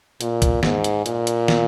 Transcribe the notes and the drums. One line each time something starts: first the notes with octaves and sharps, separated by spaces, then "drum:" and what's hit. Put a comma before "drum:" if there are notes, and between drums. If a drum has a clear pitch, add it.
A#2, drum: hi-hat
drum: kick, hi-hat
G#2, drum: snare
drum: hi-hat
A#2, drum: hi-hat
drum: hi-hat
drum: snare